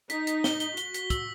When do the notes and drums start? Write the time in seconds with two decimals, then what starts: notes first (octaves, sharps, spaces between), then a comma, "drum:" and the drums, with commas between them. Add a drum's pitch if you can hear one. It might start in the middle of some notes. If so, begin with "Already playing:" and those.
0.10 D#4 B6, drum: hi-hat
0.27 B6, drum: hi-hat
0.44 G7, drum: snare
0.60 G7, drum: hi-hat
0.77 F#4 G7, drum: hi-hat
0.94 B6, drum: hi-hat
1.10 E6, drum: kick, hi-hat